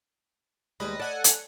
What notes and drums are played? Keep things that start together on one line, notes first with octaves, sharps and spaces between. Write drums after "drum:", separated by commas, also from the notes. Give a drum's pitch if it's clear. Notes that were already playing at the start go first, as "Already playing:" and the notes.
D#2 G3 G#3 B4 D#5
A4 D5 F#5 G#5
drum: hi-hat